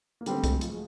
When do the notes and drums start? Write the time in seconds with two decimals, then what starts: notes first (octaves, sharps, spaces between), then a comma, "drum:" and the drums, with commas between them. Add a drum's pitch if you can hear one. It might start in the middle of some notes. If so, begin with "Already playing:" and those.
0.21 A#3
0.26 D3 G3 B3 C4, drum: hi-hat
0.35 A3
0.44 G#3, drum: kick C2, hi-hat
0.52 F#3
0.61 F3, drum: hi-hat